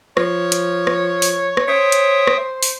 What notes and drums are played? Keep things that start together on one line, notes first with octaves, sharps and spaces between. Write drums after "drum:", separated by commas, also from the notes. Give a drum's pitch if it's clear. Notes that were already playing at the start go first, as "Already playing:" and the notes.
F3 C#5, drum: rim click
drum: hi-hat
drum: rim click
drum: open hi-hat
drum: rim click
C5 C#5 E5 G5 D#6
drum: hi-hat
drum: rim click
drum: open hi-hat